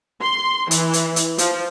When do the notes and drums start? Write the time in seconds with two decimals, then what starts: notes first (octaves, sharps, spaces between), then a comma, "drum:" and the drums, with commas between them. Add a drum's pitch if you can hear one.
0.22 C6
0.71 E3, drum: hi-hat
0.93 drum: hi-hat
1.16 drum: hi-hat
1.38 F3, drum: hi-hat